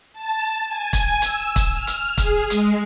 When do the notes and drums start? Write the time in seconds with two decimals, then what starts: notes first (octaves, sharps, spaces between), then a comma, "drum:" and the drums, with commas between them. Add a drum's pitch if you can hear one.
0.13 A5
0.67 G#5
0.93 drum: kick, hi-hat
1.22 E6, drum: hi-hat
1.56 drum: kick, hi-hat
1.72 F6
1.87 drum: hi-hat
2.18 G#4, drum: kick, hi-hat
2.50 G#3, drum: hi-hat